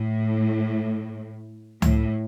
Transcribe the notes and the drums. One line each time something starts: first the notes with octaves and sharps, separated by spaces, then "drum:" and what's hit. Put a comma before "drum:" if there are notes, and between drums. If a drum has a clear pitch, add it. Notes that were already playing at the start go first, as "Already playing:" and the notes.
Already playing: A2
A2, drum: tom C#2